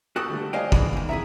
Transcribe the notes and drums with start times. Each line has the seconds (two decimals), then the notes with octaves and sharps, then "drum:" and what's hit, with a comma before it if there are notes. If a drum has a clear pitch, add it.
0.16 F#4 G4 A4 D#6 F#6
0.30 D3 G3 A3
0.53 C5 D5 D#5 F5 G5 G#5
0.72 D3 E3 G#3, drum: kick
0.93 E2 D#3
1.09 C3 E4 G#4 E5 A#5